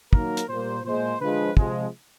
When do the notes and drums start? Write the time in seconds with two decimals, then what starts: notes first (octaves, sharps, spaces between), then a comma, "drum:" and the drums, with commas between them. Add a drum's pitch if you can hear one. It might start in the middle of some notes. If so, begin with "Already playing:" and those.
0.13 D#3 F#3 A#3 A#4, drum: kick
0.37 drum: hi-hat
0.48 A#2 G3 A#3 C5
0.84 A#2 F3 G#3 C5
1.20 D3 F3 G#3 B4
1.57 C3 F3 G#3, drum: kick